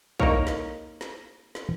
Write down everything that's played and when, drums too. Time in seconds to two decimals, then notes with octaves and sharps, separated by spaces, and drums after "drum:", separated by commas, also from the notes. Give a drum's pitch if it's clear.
0.20 A#3 D#4 A#4 C#5 F5, drum: kick
0.47 drum: snare
1.01 drum: snare
1.55 drum: snare